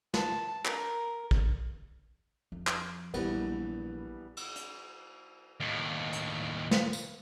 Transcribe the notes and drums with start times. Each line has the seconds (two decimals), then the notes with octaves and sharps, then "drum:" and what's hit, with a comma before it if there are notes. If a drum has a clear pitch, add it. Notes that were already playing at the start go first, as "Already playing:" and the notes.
0.14 A5, drum: snare
0.65 A#4, drum: clap
1.31 drum: kick
2.52 F2
2.67 drum: clap
3.14 A#1 E3 G3 B3, drum: cymbal
4.37 drum: cymbal
4.56 drum: hi-hat
5.60 D#2 A2
6.13 drum: hi-hat
6.71 drum: snare
6.93 drum: tambourine